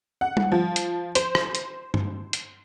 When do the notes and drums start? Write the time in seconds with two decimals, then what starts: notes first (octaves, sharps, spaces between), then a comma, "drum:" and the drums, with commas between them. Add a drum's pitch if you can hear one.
0.21 F#5
0.37 drum: tom G3
0.52 F3
0.76 drum: hi-hat
1.15 C5, drum: hi-hat
1.35 drum: rim click
1.55 drum: hi-hat
1.94 drum: tom G2
2.33 drum: hi-hat